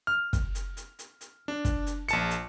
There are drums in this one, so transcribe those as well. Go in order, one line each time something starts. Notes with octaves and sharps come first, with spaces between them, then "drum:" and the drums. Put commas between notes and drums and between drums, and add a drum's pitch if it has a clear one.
F6
drum: kick, hi-hat
drum: hi-hat
drum: hi-hat
drum: hi-hat
drum: hi-hat
D4
drum: kick, hi-hat
drum: hi-hat
A#1 A5 C#7, drum: hi-hat
drum: hi-hat